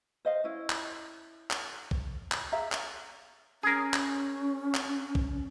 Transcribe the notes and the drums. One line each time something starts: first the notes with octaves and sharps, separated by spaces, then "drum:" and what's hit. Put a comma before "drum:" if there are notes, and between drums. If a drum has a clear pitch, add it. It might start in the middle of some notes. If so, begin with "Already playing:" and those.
C5 D#5 F5
C#4 E4
drum: clap
drum: clap
drum: kick
drum: clap
G#4 E5 F5 A#5
drum: clap
C#4 G#4 A#4
drum: clap
drum: clap
drum: kick